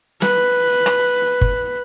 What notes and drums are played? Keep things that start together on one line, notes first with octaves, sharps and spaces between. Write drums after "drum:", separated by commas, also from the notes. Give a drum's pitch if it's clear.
B4, drum: snare
drum: rim click
drum: kick G1